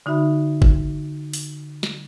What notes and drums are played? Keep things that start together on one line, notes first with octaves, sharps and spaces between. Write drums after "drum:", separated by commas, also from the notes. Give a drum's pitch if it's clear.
D3 D#4 F#4 E5 B5
drum: kick F#1
drum: open hi-hat
drum: snare